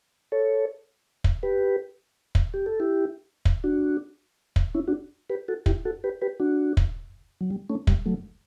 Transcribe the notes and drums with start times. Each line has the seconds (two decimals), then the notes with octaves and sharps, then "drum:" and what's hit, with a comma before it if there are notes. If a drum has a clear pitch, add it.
0.32 A4 C#5
1.24 drum: kick
1.43 G4 B4
2.35 drum: kick
2.54 G4
2.66 A4
2.80 E4 G4
3.45 drum: kick
3.64 D4 F#4
4.56 drum: kick
4.75 C#4 E4
4.88 D4 F#4
5.30 G4 B4
5.48 F#4 A4
5.66 E4 G4, drum: kick
5.85 F#4 A4
6.04 G4 B4
6.22 G4 B4
6.40 D4 F#4
6.77 drum: kick
7.41 F#3
7.51 G3
7.70 A3 C#4
7.87 G3, drum: kick
8.06 F#3 A3